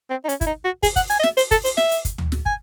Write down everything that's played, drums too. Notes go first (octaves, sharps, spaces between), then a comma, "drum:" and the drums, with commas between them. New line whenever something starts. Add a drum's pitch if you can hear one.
C4
D#4
C#4, drum: hi-hat
E4, drum: kick, hi-hat
D#4
F#4
G#4, drum: kick, open hi-hat
F#5, drum: kick, hi-hat
G#5, drum: hi-hat
D#5
E5, drum: snare
C5, drum: open hi-hat
A4, drum: kick, hi-hat
C5, drum: open hi-hat
E5, drum: snare
drum: hi-hat
drum: kick, hi-hat
drum: tom D2
drum: snare
G#5, drum: kick